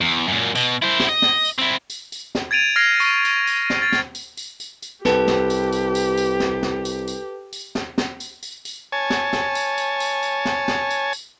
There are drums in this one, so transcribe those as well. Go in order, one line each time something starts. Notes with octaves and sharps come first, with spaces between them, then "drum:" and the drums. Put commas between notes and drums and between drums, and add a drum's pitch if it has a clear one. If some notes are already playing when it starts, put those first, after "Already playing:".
E2
F#2 A#2
B2, drum: tambourine
E4 C5
drum: snare
D#5
drum: snare
drum: tambourine
C4 E4
drum: tambourine
drum: tambourine
drum: snare
G#6 A6 D7 D#7 F7
F6 G#6 A#6 C7
C#6, drum: tambourine
drum: tambourine
drum: tambourine
drum: snare
A6
drum: snare
drum: tambourine
drum: tambourine
drum: tambourine
drum: tambourine
C2 G4 A4 B4 A5, drum: snare
drum: snare
drum: tambourine
drum: tambourine
drum: tambourine
drum: tambourine
drum: snare
drum: snare
drum: tambourine
drum: tambourine
drum: tambourine
drum: snare
drum: snare
drum: tambourine
drum: tambourine
drum: tambourine
C#5 G#5 A5
drum: snare
drum: snare
drum: tambourine
drum: tambourine
drum: tambourine
drum: tambourine
drum: snare
drum: snare
drum: tambourine
drum: tambourine